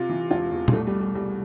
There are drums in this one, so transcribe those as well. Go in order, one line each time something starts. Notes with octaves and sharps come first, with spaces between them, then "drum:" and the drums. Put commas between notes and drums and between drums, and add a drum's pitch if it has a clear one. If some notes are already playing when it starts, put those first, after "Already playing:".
Already playing: C3 F4
E3
E1 F4
E2
G3, drum: tom
C2 A3
G3
B2
G3
C2 G3